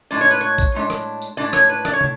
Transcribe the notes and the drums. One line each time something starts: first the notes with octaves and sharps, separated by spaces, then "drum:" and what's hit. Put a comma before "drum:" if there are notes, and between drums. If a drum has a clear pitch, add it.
A2 G#3 D4 D5
C#5
B4
C#5
drum: kick A#1, tambourine
A2 G#3 D4
drum: rim click
drum: tambourine
A2 G#3 D4 D5
C#5, drum: rim click
B4
D5, drum: rim click
C#5
A2, drum: tom